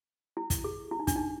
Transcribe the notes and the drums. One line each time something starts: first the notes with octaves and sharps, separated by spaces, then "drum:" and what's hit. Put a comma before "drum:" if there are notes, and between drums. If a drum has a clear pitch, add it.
E4
drum: kick, hi-hat
G#4
E4
D#4
D4, drum: kick, hi-hat
D#4